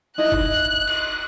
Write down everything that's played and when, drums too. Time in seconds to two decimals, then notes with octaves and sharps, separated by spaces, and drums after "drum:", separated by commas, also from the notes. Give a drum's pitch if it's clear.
0.18 D#4 E4 D#5 F#6
0.32 drum: kick
0.87 drum: cymbal